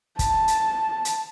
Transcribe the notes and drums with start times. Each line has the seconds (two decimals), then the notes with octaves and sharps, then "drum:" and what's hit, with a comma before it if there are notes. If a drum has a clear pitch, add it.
0.19 A5, drum: kick, hi-hat
0.48 drum: hi-hat
1.05 drum: hi-hat